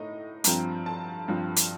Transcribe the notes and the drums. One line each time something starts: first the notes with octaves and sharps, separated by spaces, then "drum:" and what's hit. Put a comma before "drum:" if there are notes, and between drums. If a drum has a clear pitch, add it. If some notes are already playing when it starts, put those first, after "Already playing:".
Already playing: A2 A3 D#4 D#5
G2 F3 C4 A#5, drum: hi-hat
A5
G2 F3 C4
drum: hi-hat